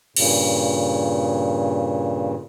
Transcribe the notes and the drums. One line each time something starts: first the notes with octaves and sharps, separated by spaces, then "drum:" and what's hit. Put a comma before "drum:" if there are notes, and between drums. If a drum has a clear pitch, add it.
G2 A#2 C#3, drum: cymbal